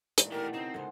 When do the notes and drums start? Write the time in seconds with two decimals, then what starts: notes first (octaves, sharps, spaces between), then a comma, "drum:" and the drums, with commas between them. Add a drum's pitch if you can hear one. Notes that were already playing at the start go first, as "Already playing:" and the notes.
0.18 A#2 D#3 E3 G#3 A3, drum: hi-hat
0.32 B2 D#3 A3 G4 A#4
0.54 C#3 C4 D#4
0.74 C#2 F#2 G#3 F#4 A4 C5